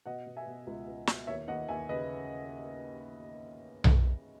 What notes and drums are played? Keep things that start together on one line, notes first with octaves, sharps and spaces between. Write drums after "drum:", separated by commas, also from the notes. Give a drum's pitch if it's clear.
B2 D#5 F#5
B2
E5 G#5
B2
C#2
C#2
B2, drum: snare
D#2 C#5 E5
D#2 D#5 F#5
D#2 E5 G#5
C#3 B4 D#5
drum: tom B1